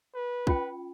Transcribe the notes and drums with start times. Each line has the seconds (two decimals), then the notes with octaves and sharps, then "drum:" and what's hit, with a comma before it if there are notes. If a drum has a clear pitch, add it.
0.15 B4
0.47 C#4 F4 G5, drum: kick